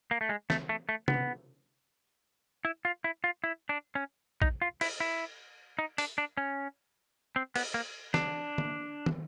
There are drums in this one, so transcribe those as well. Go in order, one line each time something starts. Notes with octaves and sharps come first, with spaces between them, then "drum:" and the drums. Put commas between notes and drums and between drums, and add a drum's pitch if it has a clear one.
A#3
A3
G#3
A3, drum: snare
A3
A3
B3, drum: tom C3
E4
F4
E4
F4
E4
D4
C#4
D#4, drum: kick
F4
E4, drum: cymbal
E4
D#4
D4, drum: open hi-hat
D4
C#4
C4
B3, drum: cymbal
A#3
D4, drum: snare
drum: tom D3
drum: tom